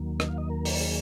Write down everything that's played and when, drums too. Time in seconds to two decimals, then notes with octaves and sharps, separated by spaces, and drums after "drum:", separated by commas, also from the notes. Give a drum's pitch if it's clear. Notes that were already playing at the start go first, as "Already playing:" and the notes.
Already playing: D#2 D#3 F#3 A#3
0.20 D#5, drum: rim click
0.28 F5
0.38 D#5
0.50 A#4
0.65 drum: open hi-hat
0.81 G#4